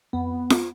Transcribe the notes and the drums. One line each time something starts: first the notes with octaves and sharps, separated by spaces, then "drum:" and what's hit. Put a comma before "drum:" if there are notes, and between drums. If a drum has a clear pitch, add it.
F2 B3
drum: snare F4